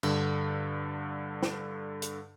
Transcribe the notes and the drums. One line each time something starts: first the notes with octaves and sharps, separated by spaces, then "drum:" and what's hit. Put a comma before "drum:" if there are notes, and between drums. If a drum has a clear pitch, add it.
G2 D3, drum: cymbal
drum: snare
drum: hi-hat